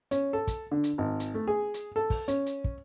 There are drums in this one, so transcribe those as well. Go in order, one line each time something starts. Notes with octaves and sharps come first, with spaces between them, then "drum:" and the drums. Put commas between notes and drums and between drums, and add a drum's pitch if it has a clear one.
C#4, drum: hi-hat
A4
drum: kick, hi-hat
D3
drum: hi-hat
G#1
drum: hi-hat
A3
G#4
drum: hi-hat
A4
drum: kick, open hi-hat
C#4, drum: hi-hat
drum: hi-hat
drum: kick